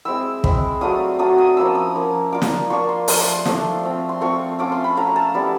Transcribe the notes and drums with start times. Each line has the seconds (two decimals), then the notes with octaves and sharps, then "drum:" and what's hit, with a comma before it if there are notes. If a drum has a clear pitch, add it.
0.05 G#3 C4 E4 E6
0.44 G#3 C4 E4, drum: kick
0.81 F#3 A3 D4 F4 D#6
1.19 F#3 A3 D4 F4 D#6
1.38 D#6
1.57 F3 A#3 C#4 E4 E6
1.75 D#6
1.95 F3 A#3 C#4 E4
2.32 A#3 D4 F4 D6
2.42 drum: snare
2.70 A#3 D4 F4 C#6
2.89 C6
3.08 F3 A3 D4 C6, drum: open hi-hat
3.20 C6
3.33 C6
3.45 F3 A3 D4, drum: snare
3.83 A3 C4 F4
4.09 C6
4.21 A3 C4 F4 C#6
4.59 A3 C#4 F4 D6
4.72 C6
4.84 B5
4.97 A3 C#4 F4 A#5
5.16 A5
5.34 G3 B3 E4